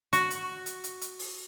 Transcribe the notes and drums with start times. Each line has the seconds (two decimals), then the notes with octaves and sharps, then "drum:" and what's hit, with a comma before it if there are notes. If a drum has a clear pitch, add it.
0.13 F#4, drum: hi-hat
0.30 drum: hi-hat
0.66 drum: hi-hat
0.84 drum: hi-hat
1.01 drum: hi-hat
1.19 drum: open hi-hat